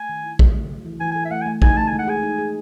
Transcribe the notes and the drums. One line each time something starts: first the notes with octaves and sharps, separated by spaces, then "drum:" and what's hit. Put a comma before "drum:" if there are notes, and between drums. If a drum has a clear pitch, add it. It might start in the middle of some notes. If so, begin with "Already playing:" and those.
Already playing: A3 G#5
D#3
E4
A3, drum: kick
F#3
A4
E3
E3 G#5
A4 G#5
E5
A3 F#5
A3 G#5
D#4 G#5, drum: kick
A3 A5
G#5
G#3
F#5
G#4 G#5
D#4
G#4